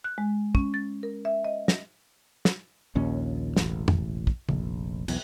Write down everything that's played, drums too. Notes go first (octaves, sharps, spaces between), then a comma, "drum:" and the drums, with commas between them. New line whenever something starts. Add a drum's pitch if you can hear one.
F#6
G#3
C#4, drum: kick
A6
A#4
E5
D#5
A#6, drum: snare
drum: snare
A#1 D#2 A#2 C#4
E1 A1, drum: snare
drum: tom
drum: kick
F1 A#1, drum: tom
B1 E2, drum: cymbal